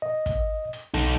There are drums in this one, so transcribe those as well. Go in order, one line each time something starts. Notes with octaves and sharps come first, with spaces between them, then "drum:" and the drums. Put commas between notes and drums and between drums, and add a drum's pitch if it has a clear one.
D#5
drum: kick, hi-hat
drum: hi-hat
B1 D#4 A4